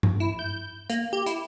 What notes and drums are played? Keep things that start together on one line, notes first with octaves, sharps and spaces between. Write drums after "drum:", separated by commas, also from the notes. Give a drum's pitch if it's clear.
drum: tom G2
E4
G6
A#3, drum: hi-hat
G4
E4, drum: hi-hat